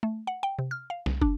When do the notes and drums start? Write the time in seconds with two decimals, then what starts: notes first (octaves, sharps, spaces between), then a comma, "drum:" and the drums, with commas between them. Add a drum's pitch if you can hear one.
0.03 A3
0.27 F#5
0.43 G5
0.59 C3
0.71 F6
0.90 F5
1.06 C2, drum: snare
1.21 D4, drum: kick